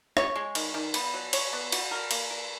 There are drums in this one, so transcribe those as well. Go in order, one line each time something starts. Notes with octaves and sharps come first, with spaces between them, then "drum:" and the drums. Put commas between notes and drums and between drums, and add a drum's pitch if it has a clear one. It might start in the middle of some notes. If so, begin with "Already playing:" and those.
C#5, drum: rim click
G#3
D#3, drum: cymbal
D#3
B3, drum: cymbal
F#3
C#5, drum: cymbal
B3
F#4, drum: cymbal
A#4
A#3, drum: cymbal
A#4